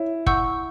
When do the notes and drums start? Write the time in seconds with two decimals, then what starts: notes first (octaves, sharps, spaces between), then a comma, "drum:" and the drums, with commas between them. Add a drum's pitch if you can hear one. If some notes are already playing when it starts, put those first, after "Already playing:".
Already playing: E4 C#5
0.26 F#5 C#6 E6 G6, drum: kick